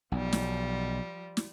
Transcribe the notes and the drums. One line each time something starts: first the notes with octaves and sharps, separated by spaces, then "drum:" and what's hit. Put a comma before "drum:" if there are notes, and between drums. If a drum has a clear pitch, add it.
B1 F3 G3
drum: snare
drum: snare